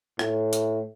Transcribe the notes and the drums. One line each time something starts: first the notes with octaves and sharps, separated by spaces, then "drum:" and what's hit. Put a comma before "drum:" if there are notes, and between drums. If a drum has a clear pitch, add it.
A2, drum: rim click
drum: hi-hat